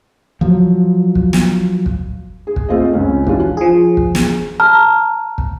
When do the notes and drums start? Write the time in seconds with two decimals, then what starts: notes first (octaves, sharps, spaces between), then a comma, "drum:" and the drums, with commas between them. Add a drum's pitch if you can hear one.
0.41 F3 F#3
1.15 drum: kick
1.33 drum: snare
1.86 drum: kick
2.47 G#4
2.56 drum: kick
2.69 A3 C4 F4 G#4 D#5
2.93 C#2 C4 C#4
3.27 E3 F3 C#4 D4 F4 F#4, drum: kick
3.57 F3 G#4
3.97 drum: kick
4.15 drum: snare
4.60 A5 A#5 F6
5.38 drum: kick